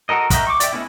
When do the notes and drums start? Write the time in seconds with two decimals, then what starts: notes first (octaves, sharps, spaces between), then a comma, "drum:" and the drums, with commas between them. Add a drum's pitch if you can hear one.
0.09 F#4 A4 A#4 D#5
0.30 F#4 A#4 D#5 E5 G5, drum: kick, hi-hat
0.47 C#6 D6
0.60 D5 E5 G5, drum: hi-hat
0.73 G#3 A3 B3 C#4 E4